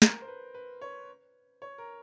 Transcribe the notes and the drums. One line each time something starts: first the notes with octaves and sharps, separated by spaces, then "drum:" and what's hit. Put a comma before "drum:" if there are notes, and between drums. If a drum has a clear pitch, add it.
A#4, drum: snare
C5
B4
B4
C#5
C#5
A#4